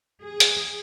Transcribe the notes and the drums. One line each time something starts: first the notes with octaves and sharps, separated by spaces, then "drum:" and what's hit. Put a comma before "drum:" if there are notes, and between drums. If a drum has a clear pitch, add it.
G#4
drum: hi-hat